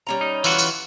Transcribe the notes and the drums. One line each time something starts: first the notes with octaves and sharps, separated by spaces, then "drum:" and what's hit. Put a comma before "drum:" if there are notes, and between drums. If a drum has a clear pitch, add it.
G3 C#4 A#5
D#4
E3 F4 F#4, drum: tambourine
drum: tambourine